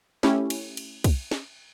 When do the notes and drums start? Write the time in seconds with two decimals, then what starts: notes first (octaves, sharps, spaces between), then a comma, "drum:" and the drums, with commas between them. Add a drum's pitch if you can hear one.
0.23 A3 C#4 E4 G4, drum: snare
0.50 drum: cymbal
0.77 drum: cymbal
1.04 drum: kick, cymbal
1.31 drum: snare